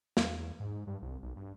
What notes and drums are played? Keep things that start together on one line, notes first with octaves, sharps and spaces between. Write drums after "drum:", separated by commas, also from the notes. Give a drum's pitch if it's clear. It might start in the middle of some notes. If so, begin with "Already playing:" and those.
E2, drum: snare
G#2
G2
C2
B1
G2